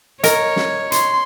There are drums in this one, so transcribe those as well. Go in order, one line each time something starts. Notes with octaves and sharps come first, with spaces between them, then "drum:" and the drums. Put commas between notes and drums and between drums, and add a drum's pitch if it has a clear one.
A#4 C#5 D#5, drum: hi-hat
drum: snare
C6, drum: hi-hat